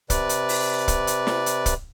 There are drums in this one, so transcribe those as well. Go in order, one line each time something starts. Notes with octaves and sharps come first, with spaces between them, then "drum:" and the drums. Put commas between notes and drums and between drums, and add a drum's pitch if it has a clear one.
C3 B4 D5, drum: kick, hi-hat
drum: hi-hat
drum: open hi-hat
drum: kick, hi-hat
drum: hi-hat
drum: snare
drum: hi-hat
drum: kick, hi-hat